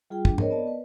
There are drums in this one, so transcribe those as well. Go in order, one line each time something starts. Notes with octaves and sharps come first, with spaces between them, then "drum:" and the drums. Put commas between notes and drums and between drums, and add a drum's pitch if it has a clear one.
G3 F4 G#4 G5
D4, drum: kick
C4 G#4 A#4 C5 C#5 D#5, drum: tom G#2
B3 D5 D#5 A5
B4